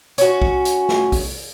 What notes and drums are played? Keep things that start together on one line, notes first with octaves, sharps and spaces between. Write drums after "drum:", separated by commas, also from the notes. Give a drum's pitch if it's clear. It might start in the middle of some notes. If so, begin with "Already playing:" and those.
C#4 F#4, drum: hi-hat
drum: kick B1
drum: hi-hat
drum: snare
drum: kick B1, open hi-hat